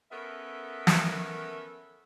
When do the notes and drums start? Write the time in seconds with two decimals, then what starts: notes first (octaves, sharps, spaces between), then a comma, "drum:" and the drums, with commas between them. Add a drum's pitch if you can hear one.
0.11 B3 C#4 A4 A#4 E5
0.87 drum: snare